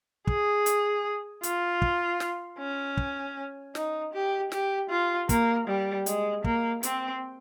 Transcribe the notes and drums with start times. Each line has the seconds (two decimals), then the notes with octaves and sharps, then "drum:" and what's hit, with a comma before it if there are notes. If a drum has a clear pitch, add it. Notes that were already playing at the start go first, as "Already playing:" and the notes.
0.27 G#4, drum: kick
0.66 drum: hi-hat
1.43 F4, drum: hi-hat
1.82 drum: kick
2.20 drum: snare
2.59 C#4
2.97 drum: kick
3.75 D#4, drum: snare
4.14 G4
4.52 G4, drum: snare
4.90 F4
5.29 A#3, drum: kick, hi-hat
5.67 G3
6.06 G#3, drum: hi-hat
6.44 A#3, drum: kick
6.83 C4, drum: hi-hat